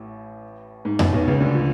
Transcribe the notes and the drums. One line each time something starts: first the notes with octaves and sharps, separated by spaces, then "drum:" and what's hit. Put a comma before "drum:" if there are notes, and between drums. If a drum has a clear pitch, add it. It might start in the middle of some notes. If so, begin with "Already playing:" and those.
Already playing: A1 A2
G#2
A1 A2, drum: tom F2
B1 B2
C#2 C#3
D2 D3
F3